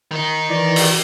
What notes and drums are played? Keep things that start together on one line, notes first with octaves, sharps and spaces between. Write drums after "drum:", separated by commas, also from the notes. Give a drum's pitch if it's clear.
D#3 D#4
E3 D5
drum: open hi-hat